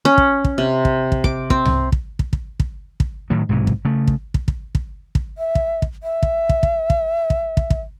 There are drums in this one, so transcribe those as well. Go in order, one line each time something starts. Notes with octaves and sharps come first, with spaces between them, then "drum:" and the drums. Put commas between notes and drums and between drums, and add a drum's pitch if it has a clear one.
C#4
drum: kick
drum: kick
C3
drum: kick
drum: kick
D6, drum: kick
C4, drum: kick
drum: tom C2
drum: kick
drum: kick
drum: kick
drum: kick
drum: kick
A2 D#3 F#3
B1 G#2 C3 E3
drum: kick
C#3 A3
drum: kick
drum: kick
drum: kick
drum: kick
drum: kick
E5
drum: kick
drum: kick
E5
drum: kick
drum: kick
drum: kick
drum: kick
drum: kick
drum: kick
drum: kick